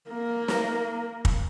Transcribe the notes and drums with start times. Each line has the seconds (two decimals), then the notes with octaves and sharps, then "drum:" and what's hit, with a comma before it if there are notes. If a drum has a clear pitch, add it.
0.10 A#3 A#4
0.48 drum: snare
1.25 drum: kick